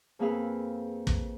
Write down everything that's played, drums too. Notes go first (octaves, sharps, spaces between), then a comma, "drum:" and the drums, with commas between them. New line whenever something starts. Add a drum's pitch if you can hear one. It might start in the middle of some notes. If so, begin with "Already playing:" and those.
F2 A#3 G#4 B4 F5 E6
drum: kick